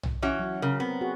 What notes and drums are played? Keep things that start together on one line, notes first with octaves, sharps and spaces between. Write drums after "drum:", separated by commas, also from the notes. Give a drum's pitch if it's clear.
drum: tom
E3 C#4 F#4
F#3
C#3 A#4
B3 C4
F#4 G#4